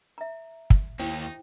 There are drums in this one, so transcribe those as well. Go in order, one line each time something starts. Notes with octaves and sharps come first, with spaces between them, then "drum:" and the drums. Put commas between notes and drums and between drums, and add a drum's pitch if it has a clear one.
E5 A#5
drum: kick
D#2 D#4 E4 C5 G5